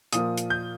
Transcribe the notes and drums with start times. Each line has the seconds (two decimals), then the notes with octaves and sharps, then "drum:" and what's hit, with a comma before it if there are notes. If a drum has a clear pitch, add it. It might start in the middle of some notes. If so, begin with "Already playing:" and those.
0.13 A#2 F3 A#3 D#6, drum: hi-hat
0.37 drum: hi-hat
0.50 G6